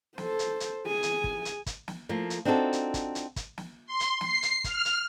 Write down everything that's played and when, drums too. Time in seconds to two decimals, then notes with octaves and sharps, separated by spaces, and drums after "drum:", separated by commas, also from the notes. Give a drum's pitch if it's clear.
0.18 A4 C5, drum: snare
0.39 drum: hi-hat
0.60 drum: hi-hat
0.87 G#4 G#5
1.03 drum: hi-hat
1.24 drum: kick
1.45 drum: hi-hat
1.66 drum: kick, hi-hat
1.88 drum: snare
2.09 F3 A3 A#3
2.30 drum: hi-hat
2.45 C4 D4 D#4 F4 F#4 A4
2.73 drum: hi-hat
2.94 drum: kick, hi-hat
3.15 drum: hi-hat
3.36 drum: kick, hi-hat
3.58 drum: snare
3.86 C6
4.00 drum: hi-hat
4.21 C7, drum: snare
4.42 drum: hi-hat
4.64 F6, drum: kick, hi-hat
4.85 drum: hi-hat